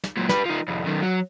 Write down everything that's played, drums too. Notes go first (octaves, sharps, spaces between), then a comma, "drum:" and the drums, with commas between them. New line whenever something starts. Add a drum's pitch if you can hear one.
drum: snare
F#2 A#2
G4 B4, drum: snare
F3 D#4
C2 F2
F#2 D#3
F#3